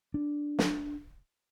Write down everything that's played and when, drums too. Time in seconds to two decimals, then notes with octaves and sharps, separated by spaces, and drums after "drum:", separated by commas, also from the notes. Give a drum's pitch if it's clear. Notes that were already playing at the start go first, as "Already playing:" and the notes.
0.14 D4
0.59 drum: snare